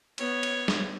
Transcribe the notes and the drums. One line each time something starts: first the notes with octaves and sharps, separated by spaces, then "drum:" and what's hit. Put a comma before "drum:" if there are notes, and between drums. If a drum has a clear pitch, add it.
B3 C#5, drum: cymbal
drum: cymbal
drum: snare